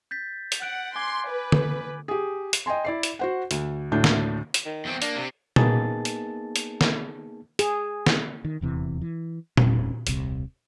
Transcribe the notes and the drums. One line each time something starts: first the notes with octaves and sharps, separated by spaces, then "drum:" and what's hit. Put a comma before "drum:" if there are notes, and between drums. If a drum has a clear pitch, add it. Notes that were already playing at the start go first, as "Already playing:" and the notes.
G6 A6 B6
drum: hi-hat
F#5 F#6 D7
G#5 C6 D6 G#6
B4
drum: tom D3
G4 G#4
drum: hi-hat
D#5 G5 G#5 C6
E4 D5 C7
drum: hi-hat
F#4 C5 F#5
D2, drum: hi-hat
D2 A2 D4 G6
drum: snare
drum: hi-hat
D#3
E2 C4
A#3 D4, drum: hi-hat
C3
A#3 B3 D#4 G#4 A5 A6, drum: tom A#2
drum: hi-hat
drum: hi-hat
drum: snare
G#4, drum: hi-hat
drum: snare
D#3
D#1 E2 C3 E3
E3
E1 G#2 C#4, drum: tom A#2
D#1 C2 C3, drum: hi-hat